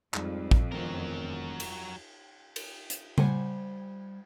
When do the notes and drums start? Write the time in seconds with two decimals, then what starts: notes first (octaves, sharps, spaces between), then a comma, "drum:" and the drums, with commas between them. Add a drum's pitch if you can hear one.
0.14 F2 G#2 G3, drum: clap
0.51 drum: kick
0.72 E1 D#3 F#3 A#4
1.60 drum: cymbal
2.56 drum: cymbal
2.90 drum: hi-hat
3.18 G3 C5 F#5 G#5, drum: tom C#3